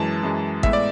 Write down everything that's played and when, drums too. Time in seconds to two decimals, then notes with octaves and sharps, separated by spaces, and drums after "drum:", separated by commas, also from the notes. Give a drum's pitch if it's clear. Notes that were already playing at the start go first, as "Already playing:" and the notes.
Already playing: F#2 E3 G#3 A5
0.23 F#2 E3 G#3
0.63 A2 G#3 B3 E5, drum: kick
0.73 D5